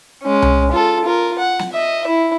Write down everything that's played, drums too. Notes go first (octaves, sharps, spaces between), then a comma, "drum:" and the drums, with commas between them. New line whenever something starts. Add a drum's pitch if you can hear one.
G#3 C#4
drum: tom C2
F4 A4
F4 A#4
F#5
drum: snare
D#5 E5
E4